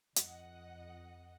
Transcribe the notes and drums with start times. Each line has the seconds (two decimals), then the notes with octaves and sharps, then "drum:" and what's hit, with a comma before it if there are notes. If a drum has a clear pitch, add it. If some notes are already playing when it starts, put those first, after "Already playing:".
0.16 F2 D#5 F#5, drum: hi-hat